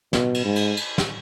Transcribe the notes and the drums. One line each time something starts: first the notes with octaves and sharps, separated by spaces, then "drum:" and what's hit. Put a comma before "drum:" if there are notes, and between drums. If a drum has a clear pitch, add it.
B2, drum: snare
drum: cymbal
G#2
drum: cymbal
drum: cymbal
drum: snare